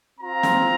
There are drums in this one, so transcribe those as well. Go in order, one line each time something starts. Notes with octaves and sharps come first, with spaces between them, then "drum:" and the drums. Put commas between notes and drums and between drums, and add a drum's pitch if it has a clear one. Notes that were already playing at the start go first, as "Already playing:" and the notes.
C4 F4 A#5
drum: snare